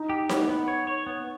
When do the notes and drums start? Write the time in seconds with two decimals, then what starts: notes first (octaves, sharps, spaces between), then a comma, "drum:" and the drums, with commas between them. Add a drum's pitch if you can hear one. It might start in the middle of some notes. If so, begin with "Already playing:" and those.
Already playing: D#4
0.09 G4
0.29 B3, drum: snare D#4
0.49 B3
0.68 C#5
0.87 C#5
1.07 B3